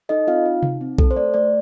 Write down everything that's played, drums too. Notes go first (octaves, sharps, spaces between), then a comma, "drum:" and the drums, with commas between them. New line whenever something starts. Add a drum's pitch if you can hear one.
D#4 A4 D#5
C4 F4 F5
D#4
D#4, drum: tom C3
C4
A4, drum: kick B1
C5
A3 D5
A3 D5